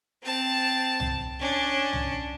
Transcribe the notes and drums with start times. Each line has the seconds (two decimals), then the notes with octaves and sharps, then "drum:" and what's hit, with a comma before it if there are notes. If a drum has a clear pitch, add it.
0.22 C4 A5
1.00 drum: tom C2
1.40 C#4 D4
1.93 drum: tom C2